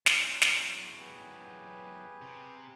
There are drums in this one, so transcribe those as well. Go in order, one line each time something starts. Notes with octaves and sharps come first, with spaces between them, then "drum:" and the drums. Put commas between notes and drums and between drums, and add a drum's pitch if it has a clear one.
E2 F#3 C6, drum: snare
drum: snare
G4 G#4 B4
C3